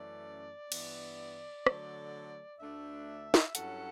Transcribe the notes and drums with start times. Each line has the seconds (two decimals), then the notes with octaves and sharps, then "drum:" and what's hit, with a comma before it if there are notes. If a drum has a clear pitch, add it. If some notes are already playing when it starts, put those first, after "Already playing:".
Already playing: F#2 E3 A3 C#4 D5
0.72 G2 E3 B3, drum: cymbal
1.67 D3 F#3 A3, drum: rim click
2.60 D2 D3 A3 D4 E5
3.34 drum: snare
3.55 G2 F#3 C#4 E4 A4 F#5, drum: hi-hat